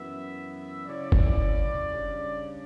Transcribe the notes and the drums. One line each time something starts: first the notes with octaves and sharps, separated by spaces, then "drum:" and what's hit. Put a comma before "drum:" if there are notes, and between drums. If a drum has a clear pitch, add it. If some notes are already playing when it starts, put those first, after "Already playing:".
Already playing: F#2 E3 B3 E5
C#3 F#3 C#4 E4 D5
drum: kick F#1
C#3 G3 D4